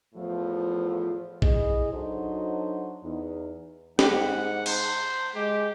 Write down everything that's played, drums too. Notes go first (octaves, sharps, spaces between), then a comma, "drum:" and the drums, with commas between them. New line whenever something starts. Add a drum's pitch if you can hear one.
E2 A2 F3
E4 G#4 D#5, drum: kick A#1
F#3 D4 D#4 F#4 A4 C5
E2 D#4
G#2 G4 F#5, drum: snare
C5, drum: cymbal
G#3 G4